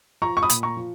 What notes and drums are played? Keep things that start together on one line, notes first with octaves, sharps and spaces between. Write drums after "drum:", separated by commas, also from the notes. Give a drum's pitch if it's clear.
F3 A#5 C#6
C#6
B5 D#6
A#2, drum: hi-hat
A#5 C#6
F3